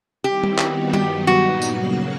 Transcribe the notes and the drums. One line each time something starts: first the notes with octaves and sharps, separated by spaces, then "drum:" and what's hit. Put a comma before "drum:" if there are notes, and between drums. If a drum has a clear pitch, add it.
D#3 G3 C4 E4 G4
drum: tom
D#3 G3 B3 D#4 F#4, drum: clap
G2 D#3 F#3 B3 G4, drum: tom
A#2 G3 B3 D#4 F#4
C#3 F#3 A#3, drum: tambourine